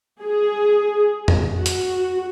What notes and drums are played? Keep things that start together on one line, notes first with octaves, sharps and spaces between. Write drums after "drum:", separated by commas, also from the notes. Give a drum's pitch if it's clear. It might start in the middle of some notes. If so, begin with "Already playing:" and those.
G#4
drum: tom F2
F#4
drum: hi-hat